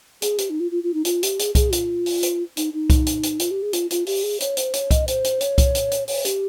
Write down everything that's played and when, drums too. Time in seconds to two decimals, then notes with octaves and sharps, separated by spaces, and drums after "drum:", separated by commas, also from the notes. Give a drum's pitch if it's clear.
0.22 G#4, drum: hi-hat
0.38 G4, drum: hi-hat
0.50 D#4
0.60 F4
0.71 F4
0.83 F4
0.94 D#4
1.05 F4, drum: hi-hat
1.23 G4, drum: hi-hat
1.39 G#4, drum: hi-hat
1.55 G#4, drum: kick C2, hi-hat
1.72 F4, drum: hi-hat
2.06 drum: open hi-hat
2.23 drum: hi-hat
2.57 D#4, drum: hi-hat
2.73 D#4
2.90 drum: kick C2, hi-hat
3.06 drum: hi-hat
3.23 drum: hi-hat
3.39 F4, drum: hi-hat
3.51 G4
3.62 G#4
3.73 F4, drum: hi-hat
3.90 F4, drum: hi-hat
4.06 G4, drum: open hi-hat
4.23 G#4
4.40 C#5, drum: hi-hat
4.57 C5, drum: hi-hat
4.74 C#5, drum: hi-hat
4.91 D#5, drum: kick C2, hi-hat
5.08 C5, drum: hi-hat
5.24 drum: hi-hat
5.41 C#5, drum: hi-hat
5.58 drum: kick C2, hi-hat
5.75 drum: hi-hat
5.91 drum: hi-hat
6.08 C#5, drum: open hi-hat
6.25 G4, drum: hi-hat